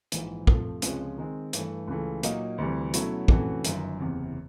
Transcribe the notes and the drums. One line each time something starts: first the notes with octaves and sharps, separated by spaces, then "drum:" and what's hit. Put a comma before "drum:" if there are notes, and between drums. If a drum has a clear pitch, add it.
A#1 G#2 E3, drum: hi-hat
C3 F3 A3, drum: kick
C#2 C3 F3 G#3 C#4, drum: hi-hat
D#3 G#3 C4
G2 E3 A3, drum: hi-hat
C#2 C#3 E3 A3
A#2 F#3 A#3 D#4, drum: hi-hat
D2 C3 E3 G3
B2 F#3 A3 C#4 E4, drum: hi-hat
C3 E3 A3 C#4 F#4, drum: kick
G1 F#2 D#3, drum: hi-hat
F#1 E2 C3